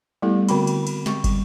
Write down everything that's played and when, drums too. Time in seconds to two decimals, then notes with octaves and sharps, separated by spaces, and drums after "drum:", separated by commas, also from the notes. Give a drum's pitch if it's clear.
0.22 G3 A3 B3 E4 G4 A4
0.49 D3 C4 F#4 B5, drum: cymbal
0.67 drum: cymbal
0.87 drum: cymbal
1.06 C4 C#6, drum: snare
1.24 G3, drum: kick, cymbal